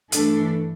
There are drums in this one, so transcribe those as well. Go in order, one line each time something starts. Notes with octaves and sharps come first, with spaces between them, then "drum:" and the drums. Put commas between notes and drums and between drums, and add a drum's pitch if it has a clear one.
G2 E3 A3 D4 A4, drum: hi-hat